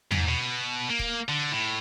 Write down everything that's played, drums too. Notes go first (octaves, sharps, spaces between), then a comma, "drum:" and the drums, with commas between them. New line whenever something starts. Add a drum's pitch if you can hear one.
G#2, drum: tom
B2
A#3
drum: kick D#1
D3
A2